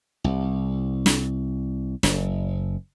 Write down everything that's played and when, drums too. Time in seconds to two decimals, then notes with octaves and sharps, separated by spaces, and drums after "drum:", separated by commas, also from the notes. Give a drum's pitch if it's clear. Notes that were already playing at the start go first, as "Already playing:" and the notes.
0.24 C2
1.06 drum: snare
2.03 F#1, drum: snare